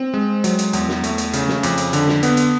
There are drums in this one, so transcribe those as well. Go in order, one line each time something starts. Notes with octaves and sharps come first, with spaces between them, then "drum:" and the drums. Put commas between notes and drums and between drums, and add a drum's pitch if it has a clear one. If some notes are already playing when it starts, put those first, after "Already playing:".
Already playing: C4
G#3
F#3, drum: hi-hat
drum: hi-hat
E2, drum: hi-hat
drum: snare
A3, drum: hi-hat
drum: hi-hat
C#3, drum: hi-hat
drum: snare
F2, drum: hi-hat
drum: hi-hat
D3, drum: hi-hat
drum: snare
B3, drum: hi-hat
drum: hi-hat